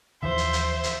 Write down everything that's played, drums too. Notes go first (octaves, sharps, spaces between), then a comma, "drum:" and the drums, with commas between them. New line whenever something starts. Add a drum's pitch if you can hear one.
D#2 E3 F3 C5 E5
drum: hi-hat
drum: hi-hat
drum: hi-hat